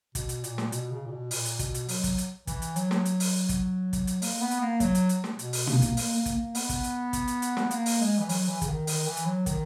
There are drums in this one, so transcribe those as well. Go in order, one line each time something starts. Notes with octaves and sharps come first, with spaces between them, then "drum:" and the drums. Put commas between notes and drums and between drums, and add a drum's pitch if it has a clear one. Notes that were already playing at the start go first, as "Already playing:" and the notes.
B2, drum: kick, hi-hat
drum: hi-hat
A#2, drum: hi-hat
drum: snare
B2, drum: hi-hat
C#3
A#2
B2
A#2, drum: open hi-hat
drum: hi-hat
B2, drum: kick, hi-hat
drum: hi-hat
F#3, drum: open hi-hat
drum: kick, hi-hat
drum: hi-hat
E3, drum: kick, hi-hat
drum: hi-hat
F#3, drum: hi-hat
drum: snare
drum: hi-hat
drum: open hi-hat
drum: kick, hi-hat
drum: kick, hi-hat
drum: hi-hat
A#3, drum: open hi-hat
B3
drum: hi-hat
A#3
F#3, drum: kick, hi-hat
drum: hi-hat
drum: hi-hat
drum: snare
B2, drum: hi-hat
drum: open hi-hat
A#3, drum: tom
drum: kick, hi-hat
A#3, drum: open hi-hat
A#3
drum: kick, hi-hat
A#3
B3, drum: open hi-hat
drum: kick, hi-hat
drum: hi-hat
drum: kick, hi-hat
drum: hi-hat
drum: hi-hat
drum: snare
A#3, drum: hi-hat
drum: open hi-hat
G#3
E3
F#3, drum: open hi-hat
E3
C#3, drum: kick, hi-hat
D#3
D#3, drum: open hi-hat
E3
drum: hi-hat
F#3
D#3, drum: kick, hi-hat